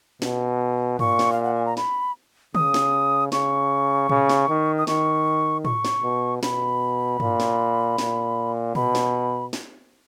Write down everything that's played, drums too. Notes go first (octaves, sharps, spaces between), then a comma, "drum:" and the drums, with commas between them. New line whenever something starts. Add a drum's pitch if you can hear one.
B2, drum: snare
A#2 C#6, drum: tom G2
drum: snare
F5
F#5
G#5
A#5
B5, drum: snare
C#3 D#6, drum: tom D3
drum: snare
C#3 C#6, drum: snare
C#3, drum: tom A#2
drum: snare
D#3
D#6
D#3 C#6, drum: snare
C#6, drum: tom A2
drum: snare
B2
B2 B5, drum: snare
A#2, drum: tom G2
drum: snare
A#2, drum: snare
B2 B5, drum: tom A#2
drum: snare
drum: snare